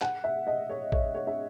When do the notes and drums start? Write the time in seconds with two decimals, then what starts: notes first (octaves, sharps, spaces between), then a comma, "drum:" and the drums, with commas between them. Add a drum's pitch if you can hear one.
0.01 F#5, drum: clap
0.24 E5
0.47 D#5
0.69 C#5
0.92 C#5, drum: kick A#1
1.15 C#5
1.27 E5